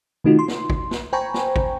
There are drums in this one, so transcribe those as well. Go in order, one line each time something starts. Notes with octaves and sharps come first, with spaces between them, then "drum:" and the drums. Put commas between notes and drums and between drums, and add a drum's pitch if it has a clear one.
C3 D#3 A3 D#4 F4 F#4
C6
drum: snare
drum: kick G#1
drum: snare
C5 G5 G#5 A#5 B5 C#6
drum: snare
drum: kick G#1